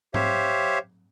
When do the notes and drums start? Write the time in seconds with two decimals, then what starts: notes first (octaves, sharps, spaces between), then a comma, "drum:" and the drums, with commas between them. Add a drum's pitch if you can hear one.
0.14 G4 C5 C#5 E5 F5, drum: tom G#2